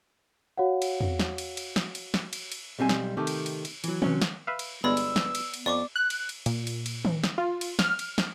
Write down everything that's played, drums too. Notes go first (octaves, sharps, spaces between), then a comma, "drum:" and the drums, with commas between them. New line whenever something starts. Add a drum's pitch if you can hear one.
F#4 C#5 F5 F#5
drum: cymbal
drum: tom E2
drum: snare
drum: cymbal
drum: cymbal
drum: snare
drum: cymbal
drum: snare
drum: cymbal
drum: cymbal
B1 G3 C4 G#5
drum: snare
C3 D#3 A3 G4
drum: cymbal
drum: cymbal
drum: cymbal
E3 F#3, drum: cymbal
C3 F#3 C#4, drum: tom D#3
drum: snare
B4 E5 F5
drum: cymbal
G1 E3 G#3 B3 D5 B5 E6
drum: cymbal
drum: snare
drum: cymbal
drum: cymbal
F2 D5 C#6 D6
F#6
drum: cymbal
drum: cymbal
A#2, drum: cymbal
drum: cymbal
drum: cymbal
drum: tom D#3
drum: snare
F4
drum: cymbal
F6, drum: snare
drum: cymbal
drum: snare